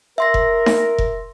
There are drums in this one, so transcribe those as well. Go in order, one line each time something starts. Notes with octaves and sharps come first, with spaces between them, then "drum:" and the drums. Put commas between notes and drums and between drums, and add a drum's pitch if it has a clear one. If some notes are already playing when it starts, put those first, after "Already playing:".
A#4 E5 C6 A#6
drum: kick F1
drum: snare D#4
drum: kick F1